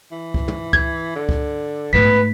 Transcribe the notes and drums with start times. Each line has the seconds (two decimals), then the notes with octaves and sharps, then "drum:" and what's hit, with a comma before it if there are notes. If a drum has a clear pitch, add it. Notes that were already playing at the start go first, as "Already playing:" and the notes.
0.11 E3
0.34 drum: kick C#2
0.48 drum: tom
0.73 G#6, drum: kick C#2
1.15 D3
1.29 drum: kick C#2
1.93 G#2 A3 B3 B4 B6